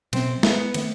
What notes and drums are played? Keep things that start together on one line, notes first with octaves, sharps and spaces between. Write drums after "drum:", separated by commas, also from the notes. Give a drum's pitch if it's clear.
B2 F#3 B3 C4, drum: cymbal
B3, drum: snare
D#3 A3 C4, drum: cymbal